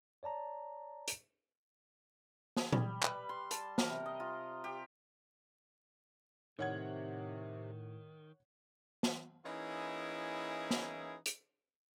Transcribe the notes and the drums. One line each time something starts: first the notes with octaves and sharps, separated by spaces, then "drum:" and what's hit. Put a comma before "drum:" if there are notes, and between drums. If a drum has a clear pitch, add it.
C#5 D5 A5 A#5
drum: hi-hat
G#4, drum: snare
G3, drum: tom A#2
B4, drum: clap
C6
A5, drum: hi-hat
A#4, drum: snare
C3
D#5
F4
G4
A2 C3 D#3 C#5 F#5 G#6
drum: snare
E3 A#3 C#4 D#4 E4 G#4
drum: snare
drum: hi-hat